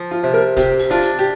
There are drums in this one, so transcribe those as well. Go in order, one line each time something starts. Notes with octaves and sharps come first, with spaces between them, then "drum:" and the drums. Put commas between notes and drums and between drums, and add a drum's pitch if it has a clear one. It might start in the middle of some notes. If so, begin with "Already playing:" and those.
Already playing: F3
F4
C3
A#4
C3 G4, drum: kick, hi-hat
drum: open hi-hat
D4 F4
drum: hi-hat
G4